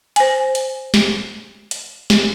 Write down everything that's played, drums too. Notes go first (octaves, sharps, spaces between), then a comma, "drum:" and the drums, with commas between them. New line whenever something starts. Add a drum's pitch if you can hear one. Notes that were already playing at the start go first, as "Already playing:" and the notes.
C5 G#5, drum: hi-hat
drum: hi-hat
drum: snare
drum: hi-hat
drum: snare